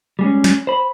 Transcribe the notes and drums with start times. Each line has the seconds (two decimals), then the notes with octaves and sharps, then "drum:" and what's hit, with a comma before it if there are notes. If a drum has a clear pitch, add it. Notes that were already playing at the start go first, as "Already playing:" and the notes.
0.19 G3 G#3 C#4
0.44 drum: snare
0.67 C5 B5